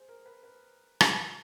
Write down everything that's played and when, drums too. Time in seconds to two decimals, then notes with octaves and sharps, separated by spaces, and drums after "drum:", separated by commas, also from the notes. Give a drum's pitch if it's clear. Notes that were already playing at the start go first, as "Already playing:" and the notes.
Already playing: G#4 C5
0.09 A#4
0.26 B4
0.43 B4
1.01 drum: rim click